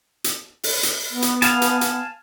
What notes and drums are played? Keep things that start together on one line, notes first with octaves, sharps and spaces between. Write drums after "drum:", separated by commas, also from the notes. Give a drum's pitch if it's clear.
drum: hi-hat
drum: open hi-hat
drum: hi-hat
B3
drum: hi-hat
F5 G#5 A5, drum: hi-hat
drum: hi-hat
drum: hi-hat